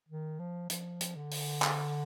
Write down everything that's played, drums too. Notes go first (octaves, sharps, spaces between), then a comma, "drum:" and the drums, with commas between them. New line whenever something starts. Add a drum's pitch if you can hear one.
D#3
F3
F3, drum: hi-hat
drum: hi-hat
D3
drum: open hi-hat
drum: clap